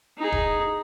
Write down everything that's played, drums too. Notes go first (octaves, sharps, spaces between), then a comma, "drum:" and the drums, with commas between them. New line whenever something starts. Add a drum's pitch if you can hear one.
D#4 G#4
drum: kick D#1